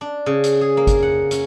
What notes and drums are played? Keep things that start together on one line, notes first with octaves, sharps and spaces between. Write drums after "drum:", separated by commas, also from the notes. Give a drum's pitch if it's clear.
D4
C#3
drum: hi-hat
G#4
A#3
drum: kick G1, hi-hat
F#5
C#4, drum: hi-hat